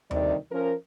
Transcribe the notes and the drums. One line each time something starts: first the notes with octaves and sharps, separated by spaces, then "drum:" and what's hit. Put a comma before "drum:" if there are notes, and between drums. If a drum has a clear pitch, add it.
D2 C3 D#3 G3 D5, drum: tom D#2
F3 C#4 A#4